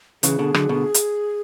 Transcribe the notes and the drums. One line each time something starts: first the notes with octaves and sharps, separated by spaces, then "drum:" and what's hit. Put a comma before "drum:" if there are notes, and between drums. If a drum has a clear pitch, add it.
C#3 E3 G#4, drum: hi-hat
B2 D3
D3 F#3, drum: rim click
B2 D3
drum: hi-hat